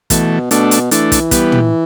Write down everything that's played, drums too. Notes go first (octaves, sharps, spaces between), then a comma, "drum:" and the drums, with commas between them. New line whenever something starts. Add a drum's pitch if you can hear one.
B2 E3 A3, drum: kick, hi-hat
B2 A3 D4, drum: hi-hat
drum: hi-hat
E3 A3 D4, drum: hi-hat
drum: kick, hi-hat
G3 B3, drum: kick, hi-hat
drum: tom